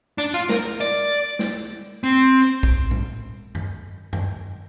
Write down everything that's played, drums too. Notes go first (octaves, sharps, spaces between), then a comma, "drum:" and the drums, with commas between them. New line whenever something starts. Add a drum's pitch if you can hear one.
D4
F4
A#4, drum: snare
D5, drum: hi-hat
drum: snare
C4
drum: kick A#1
drum: tom A2
drum: tom F#2
drum: tom F#2